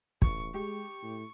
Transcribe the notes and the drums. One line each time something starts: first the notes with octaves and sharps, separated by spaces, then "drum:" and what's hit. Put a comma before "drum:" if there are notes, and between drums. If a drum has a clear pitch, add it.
A1 C#6, drum: kick
G#3 G4 C#6
A2